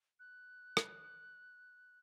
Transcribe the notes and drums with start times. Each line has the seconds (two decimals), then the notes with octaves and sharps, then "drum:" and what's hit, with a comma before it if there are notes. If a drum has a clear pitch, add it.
0.20 F#6
0.77 drum: rim click